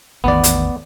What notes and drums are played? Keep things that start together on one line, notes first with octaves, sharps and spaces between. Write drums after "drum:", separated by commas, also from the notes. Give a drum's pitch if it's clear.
A1 E2 D#3 B3 D5
drum: hi-hat